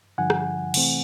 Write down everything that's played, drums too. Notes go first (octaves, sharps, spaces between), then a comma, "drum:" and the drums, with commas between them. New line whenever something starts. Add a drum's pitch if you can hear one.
G2 D3 F3 F#5 G#5
drum: rim click
C3 E3 A3 C4, drum: cymbal